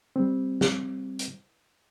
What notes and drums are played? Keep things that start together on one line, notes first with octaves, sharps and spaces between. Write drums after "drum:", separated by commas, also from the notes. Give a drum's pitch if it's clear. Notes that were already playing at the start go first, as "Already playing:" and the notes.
G3 C4
drum: snare
drum: hi-hat